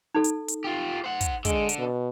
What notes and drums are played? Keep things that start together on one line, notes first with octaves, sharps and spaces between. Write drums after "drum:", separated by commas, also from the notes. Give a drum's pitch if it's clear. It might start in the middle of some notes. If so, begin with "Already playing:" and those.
D#4 A4
drum: hi-hat
drum: hi-hat
F4 G4
C5 F#5
drum: kick, hi-hat
D3 G#3, drum: kick, hi-hat
drum: hi-hat
B2